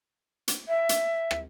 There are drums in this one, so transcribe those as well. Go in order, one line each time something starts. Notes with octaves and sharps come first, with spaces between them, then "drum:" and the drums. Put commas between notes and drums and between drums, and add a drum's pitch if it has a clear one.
drum: hi-hat
E5
drum: hi-hat
drum: rim click